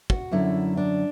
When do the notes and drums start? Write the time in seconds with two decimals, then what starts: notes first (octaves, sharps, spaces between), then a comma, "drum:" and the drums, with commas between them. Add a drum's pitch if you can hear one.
0.10 F#4, drum: kick
0.31 F#2 D3 F#3 E4
0.77 D4